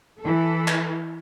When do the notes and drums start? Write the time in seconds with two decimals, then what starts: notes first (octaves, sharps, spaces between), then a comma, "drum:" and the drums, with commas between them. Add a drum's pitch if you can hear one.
0.21 E3 A4
0.68 drum: clap